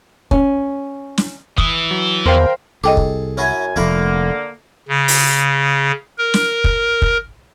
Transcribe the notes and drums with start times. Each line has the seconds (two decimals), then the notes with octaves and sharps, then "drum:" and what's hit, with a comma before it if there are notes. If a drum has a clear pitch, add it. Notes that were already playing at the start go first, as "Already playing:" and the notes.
0.31 C#4, drum: kick
1.18 drum: snare
1.58 E3 E4 D#6, drum: kick
1.91 F#3
2.26 E2 A#4 C5 F5 G5
2.84 C2 G#4 A4 D#5 G5 D6
2.97 drum: kick
3.37 F#2 C#4 E4 F#4 G#5
3.76 F1 F2 D3 A3 A#3 F5 B5
4.88 C#3
5.08 drum: open hi-hat
6.18 A#4
6.34 drum: snare
6.64 drum: kick
7.02 drum: kick